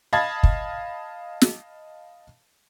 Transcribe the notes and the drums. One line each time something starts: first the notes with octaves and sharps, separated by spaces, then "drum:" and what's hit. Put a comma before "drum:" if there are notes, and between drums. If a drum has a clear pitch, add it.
D#5 F5 A5 B5 G#6 A6
drum: kick
drum: snare